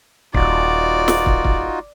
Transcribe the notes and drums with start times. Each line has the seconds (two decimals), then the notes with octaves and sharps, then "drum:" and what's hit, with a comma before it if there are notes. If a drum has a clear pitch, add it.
0.34 D#1 D#4 F4 F#4 D5, drum: kick
1.08 drum: snare
1.26 drum: kick
1.44 drum: kick